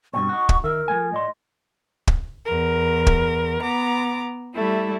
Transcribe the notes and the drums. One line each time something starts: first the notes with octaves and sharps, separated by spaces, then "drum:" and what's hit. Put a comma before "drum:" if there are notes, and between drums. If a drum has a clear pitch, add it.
G2 B2 C4 C#6
D#4 F#4
drum: kick
D#3 A#4 E5
F3 A3 G#5
A2 D5 D#5 C6
drum: kick
E2 A#4
drum: kick
B3 A#5 D6
G3 A3 E4